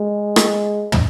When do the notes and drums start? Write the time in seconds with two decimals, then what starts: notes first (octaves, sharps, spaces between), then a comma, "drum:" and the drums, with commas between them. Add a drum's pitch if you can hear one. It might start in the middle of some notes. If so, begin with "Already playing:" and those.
Already playing: G#3
0.36 drum: rim click
0.92 drum: tom